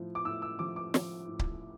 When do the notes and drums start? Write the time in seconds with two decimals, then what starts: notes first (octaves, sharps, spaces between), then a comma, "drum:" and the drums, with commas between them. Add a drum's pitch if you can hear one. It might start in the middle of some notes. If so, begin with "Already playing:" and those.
Already playing: A2 F3
0.15 D6
0.25 A2 E6
0.42 E6
0.59 F3 D6
0.76 D6
0.94 F3, drum: snare
1.28 A2
1.39 drum: kick C#1